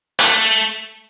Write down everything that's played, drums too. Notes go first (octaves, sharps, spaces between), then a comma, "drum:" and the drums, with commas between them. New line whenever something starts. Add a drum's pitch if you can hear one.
A3, drum: clap